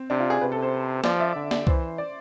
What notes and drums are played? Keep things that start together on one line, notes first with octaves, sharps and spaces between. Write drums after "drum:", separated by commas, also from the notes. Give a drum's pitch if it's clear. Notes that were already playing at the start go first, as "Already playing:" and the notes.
Already playing: C4
C3 D4
F4
G#4
C3 B4
A4
C5
F3 D5, drum: snare
E5
D3 D5
D5, drum: snare
E3 C5, drum: kick C2
D5